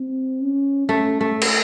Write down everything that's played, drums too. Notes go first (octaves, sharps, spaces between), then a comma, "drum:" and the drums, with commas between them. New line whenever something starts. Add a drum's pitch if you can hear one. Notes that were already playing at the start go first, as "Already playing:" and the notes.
Already playing: C4
C#4
A3 C#4
A3
drum: cymbal